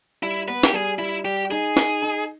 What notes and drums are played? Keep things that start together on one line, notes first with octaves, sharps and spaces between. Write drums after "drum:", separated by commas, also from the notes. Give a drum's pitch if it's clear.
G3 E4
B3 B4
G4, drum: snare
G3 G#4
G3 E4
G3 G4
D#4 G#4
D#4, drum: snare
D#4